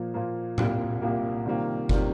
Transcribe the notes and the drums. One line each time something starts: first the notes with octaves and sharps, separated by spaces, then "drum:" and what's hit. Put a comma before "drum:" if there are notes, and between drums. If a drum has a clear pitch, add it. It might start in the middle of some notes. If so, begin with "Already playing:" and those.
Already playing: A#2 F3 A#3
A#2 F3 A#3
C2 A#2 A#3 G4, drum: tom A2
C2 A#2 A#3 G4
C3 D#3 G3 A#3 F4
C3 D#3 G3 A#3 F4, drum: kick F#1